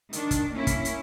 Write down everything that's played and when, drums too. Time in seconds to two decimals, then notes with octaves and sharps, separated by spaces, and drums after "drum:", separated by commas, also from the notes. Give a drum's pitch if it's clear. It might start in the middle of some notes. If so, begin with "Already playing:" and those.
0.13 D#3 D4, drum: hi-hat
0.31 drum: kick, hi-hat
0.54 A#3 C#4 E4
0.67 drum: kick, hi-hat
0.85 drum: hi-hat